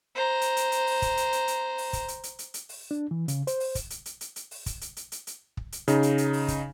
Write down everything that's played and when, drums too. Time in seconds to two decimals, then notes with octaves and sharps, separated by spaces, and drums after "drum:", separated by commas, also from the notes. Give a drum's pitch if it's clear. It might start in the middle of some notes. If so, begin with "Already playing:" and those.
0.15 C5 A#5
0.41 drum: hi-hat
0.57 drum: hi-hat
0.72 drum: hi-hat
0.87 drum: open hi-hat
1.02 drum: kick, hi-hat
1.17 drum: hi-hat
1.32 drum: hi-hat
1.48 drum: hi-hat
1.78 drum: open hi-hat
1.93 drum: kick, hi-hat
2.08 drum: hi-hat
2.23 drum: hi-hat
2.39 drum: hi-hat
2.54 drum: hi-hat
2.69 drum: open hi-hat
2.91 D4
3.11 E3
3.28 C#3, drum: hi-hat
3.47 C5, drum: hi-hat
3.60 drum: open hi-hat
3.75 drum: kick, hi-hat
3.90 drum: hi-hat
4.06 drum: hi-hat
4.21 drum: hi-hat
4.36 drum: hi-hat
4.51 drum: open hi-hat
4.66 drum: kick, hi-hat
4.81 drum: hi-hat
4.97 drum: hi-hat
5.12 drum: hi-hat
5.27 drum: hi-hat
5.57 drum: kick
5.72 drum: hi-hat
5.88 C#3 D#4, drum: hi-hat
6.03 drum: hi-hat
6.18 drum: hi-hat
6.33 drum: open hi-hat
6.48 drum: kick, hi-hat